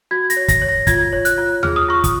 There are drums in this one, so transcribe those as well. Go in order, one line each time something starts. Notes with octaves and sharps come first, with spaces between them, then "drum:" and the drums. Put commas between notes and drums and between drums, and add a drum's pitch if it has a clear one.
F#4 G#6
A#6, drum: hi-hat
C#5
A#6, drum: kick, hi-hat
C#5
A#6
F4 G#6, drum: kick, hi-hat
C#5
F#6, drum: hi-hat
F4
G#4 F6, drum: tom D#2
D#6
F4 C#6
D#6, drum: kick, hi-hat